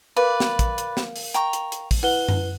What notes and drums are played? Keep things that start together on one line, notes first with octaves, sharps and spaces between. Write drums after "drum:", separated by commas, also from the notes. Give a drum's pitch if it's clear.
A#4 B4 D5 F5
drum: snare
drum: kick, hi-hat
drum: hi-hat
drum: snare
drum: open hi-hat
G5 A#5 C#6, drum: hi-hat
drum: hi-hat
drum: hi-hat
drum: kick, open hi-hat
E4 B4 F#5 G7
drum: tom F#2